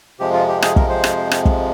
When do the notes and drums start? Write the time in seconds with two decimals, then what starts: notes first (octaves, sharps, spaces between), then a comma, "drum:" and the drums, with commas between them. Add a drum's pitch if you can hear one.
0.20 F2 C3 F3 G#3 G4
0.33 F4
0.48 G4
0.62 G#4, drum: rim click
0.76 A#4, drum: kick
0.89 C5
1.04 drum: rim click
1.31 drum: rim click
1.45 drum: kick